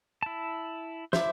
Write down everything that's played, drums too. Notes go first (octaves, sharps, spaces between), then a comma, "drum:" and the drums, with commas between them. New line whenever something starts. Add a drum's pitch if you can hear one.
E4 A5
E4 C5 E5 D6, drum: snare